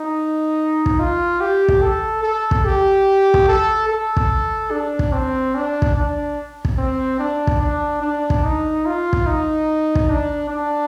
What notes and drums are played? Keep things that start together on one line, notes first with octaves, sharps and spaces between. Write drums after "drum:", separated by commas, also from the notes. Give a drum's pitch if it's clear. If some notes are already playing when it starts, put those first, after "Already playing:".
Already playing: D#4
drum: kick
F4
G4
drum: kick
A4
A4
drum: kick
G4
drum: kick
A4
A4
drum: kick
D4
drum: kick
C4
D4
drum: kick
D4
drum: kick
C4
D4
drum: kick
D4
D4
drum: kick
D#4
F4
drum: kick
D#4
drum: kick
D4
D4